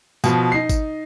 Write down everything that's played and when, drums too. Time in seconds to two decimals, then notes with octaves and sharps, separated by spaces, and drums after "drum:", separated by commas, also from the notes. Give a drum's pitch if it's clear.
0.24 B2 F3, drum: tambourine
0.52 D#4 C7
0.69 drum: kick G#1, tambourine